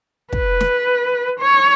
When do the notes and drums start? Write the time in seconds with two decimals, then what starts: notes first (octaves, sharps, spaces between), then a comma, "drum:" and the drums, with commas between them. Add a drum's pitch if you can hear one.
0.32 B4, drum: kick
0.60 drum: snare
1.40 C#5